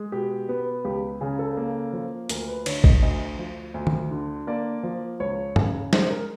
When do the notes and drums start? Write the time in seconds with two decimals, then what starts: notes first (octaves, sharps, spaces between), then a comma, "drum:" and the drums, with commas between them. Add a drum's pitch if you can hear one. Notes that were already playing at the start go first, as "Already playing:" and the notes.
Already playing: G#3
0.12 B2 G4
0.49 B3
0.85 C#2 G4
1.21 C#3 G#4
1.39 A4
1.57 A#3
1.93 F3
2.29 D2 A#4, drum: hi-hat
2.48 B4
2.66 D3 C#5, drum: cymbal
2.84 D#5, drum: kick
3.02 D2 D#5
3.38 F3
3.74 D2
3.87 drum: tom
4.11 D3
4.47 A#3 D5
4.83 F3
5.20 C#2 C#5
5.56 C#3, drum: tom G2
5.93 G#3 C5, drum: snare
6.10 A#4